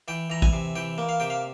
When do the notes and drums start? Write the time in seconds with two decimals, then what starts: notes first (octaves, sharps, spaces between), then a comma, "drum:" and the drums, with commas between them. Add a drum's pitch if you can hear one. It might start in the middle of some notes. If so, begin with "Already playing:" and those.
0.08 E3 G5
0.30 E3 A#5
0.42 G#5, drum: kick
0.53 C3
0.76 E3 G5
0.98 A#3
1.09 F5
1.20 C3 G5
1.30 F5